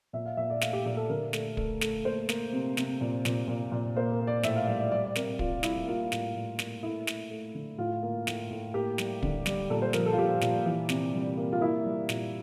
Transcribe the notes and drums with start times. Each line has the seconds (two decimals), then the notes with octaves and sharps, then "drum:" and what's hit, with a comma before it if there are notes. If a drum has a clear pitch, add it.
0.13 A#2 E5
0.26 F5
0.37 A#2 E5
0.50 D5
0.61 A3 F5, drum: snare
0.73 G4
0.86 A#2 G4
0.97 A4
1.09 D3 A#4
1.33 A3, drum: snare
1.57 A3, drum: kick
1.81 A3, drum: snare
2.05 A#3 C5
2.29 A#3, drum: snare
2.52 C3
2.77 C3, drum: snare
3.01 A#2
3.25 A#2, drum: snare
3.48 A#2
3.72 A#2
3.96 A#3 C5
4.12 A#4
4.21 A#3
4.27 D5
4.43 A2 E5, drum: snare
4.56 F5
4.67 G3 E5
4.80 D5
4.91 G3 D5
5.04 D5
5.15 C3 A#4, drum: snare
5.39 G3 F4, drum: kick
5.63 G3 E4, drum: snare
5.87 A#3 F4
6.12 A2, drum: snare
6.35 A2
6.59 A#3, drum: snare
6.83 A3 E4
7.07 A3, drum: snare
7.30 A3
7.54 D3
7.78 A2 F4
8.03 A#3
8.27 A2, drum: snare
8.50 A2
8.74 A#3 G4
8.98 G3, drum: snare
9.23 D3, drum: kick
9.46 G3, drum: snare
9.70 A#2 A4
9.82 C5
9.93 F3 A#4, drum: snare
10.06 A4
10.13 F4
10.18 A#2 G4
10.41 A#2, drum: snare
10.66 E3
10.89 C3, drum: snare
11.14 G3
11.37 A#3
11.53 F4
11.60 A#3 E4
11.85 G3
12.09 A#2, drum: snare